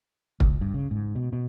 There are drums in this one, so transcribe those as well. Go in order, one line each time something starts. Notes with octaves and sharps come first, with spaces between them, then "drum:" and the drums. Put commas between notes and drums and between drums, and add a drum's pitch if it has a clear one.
C#2, drum: kick
G2
C#3
G#2
B2
B2